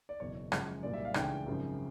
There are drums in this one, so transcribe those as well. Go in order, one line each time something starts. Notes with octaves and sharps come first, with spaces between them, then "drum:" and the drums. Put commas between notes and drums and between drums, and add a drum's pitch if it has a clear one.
D5
F#1 E2 B2 C#5
F#2 C#3 F3 G#3, drum: rim click
C2 A#2 F#3 D5
E5
F5
C#2 C#3 E3 A3 D4 G5, drum: rim click
G#1 F#2 C#3 F3